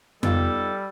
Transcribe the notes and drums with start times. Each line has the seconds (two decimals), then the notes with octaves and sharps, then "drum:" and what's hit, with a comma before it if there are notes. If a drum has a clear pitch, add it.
0.23 G3 B3 D#4 F4 A4, drum: tom F2